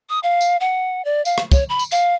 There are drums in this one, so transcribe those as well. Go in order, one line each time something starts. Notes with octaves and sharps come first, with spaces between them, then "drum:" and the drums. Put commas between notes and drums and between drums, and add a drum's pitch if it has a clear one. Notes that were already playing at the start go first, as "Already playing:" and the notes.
D#6
F5
drum: tambourine
F#5
D5
F5, drum: tambourine
drum: rim click
C#5, drum: kick, tambourine
B5
drum: tambourine
F5, drum: tambourine